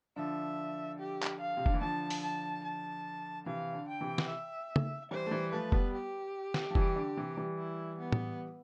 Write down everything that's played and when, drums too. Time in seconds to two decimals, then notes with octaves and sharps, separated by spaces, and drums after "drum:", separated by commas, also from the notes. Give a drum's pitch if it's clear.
0.16 D3 F3 E5
0.99 G4
1.23 drum: clap
1.40 F5
1.57 C3
1.66 D3, drum: kick F1
1.74 E3
1.81 D3 F3 A5
2.10 drum: open hi-hat
2.23 A5
2.64 A5
3.46 C3 E3 F5
3.73 D3
3.88 G5
4.01 C3 E3
4.18 drum: snare
4.28 E5
4.76 drum: tom
5.11 E3 G3 C5
5.26 A3
5.31 E3 G3
5.52 F3 A3 B4
5.72 G3 B3, drum: kick F1
5.93 G4
6.54 drum: snare
6.71 F3
6.75 E3 G3, drum: kick F1
6.96 D3
7.17 C3 E3
7.37 E3 G3
7.58 E4
7.99 B3
8.12 drum: tom A2